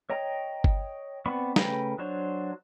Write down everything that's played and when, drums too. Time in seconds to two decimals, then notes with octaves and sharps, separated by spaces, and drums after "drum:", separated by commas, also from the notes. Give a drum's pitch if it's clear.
0.10 C#5 D#5 G5 A#5
0.64 drum: kick G1
1.26 B3 C4 D5 B5 C#6
1.56 C#3 A3 B4 G5 A#5, drum: snare
1.98 F#3 D4 C5 C#5